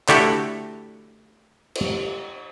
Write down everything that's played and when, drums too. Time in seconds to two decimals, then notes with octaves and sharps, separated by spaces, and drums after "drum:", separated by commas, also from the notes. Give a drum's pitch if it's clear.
0.09 D3 A3 E4 F#4 G4 A4, drum: clap
1.75 drum: cymbal